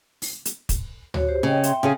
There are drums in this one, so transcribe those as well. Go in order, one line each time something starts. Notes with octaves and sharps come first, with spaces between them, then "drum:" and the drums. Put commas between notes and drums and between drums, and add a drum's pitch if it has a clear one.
drum: open hi-hat
drum: hi-hat
drum: kick, hi-hat
F#4 C#5, drum: tom D2
G4 C5
C#3 C#5 D#5 G5
E5 G5 C6, drum: hi-hat
C#3 C#4 G#4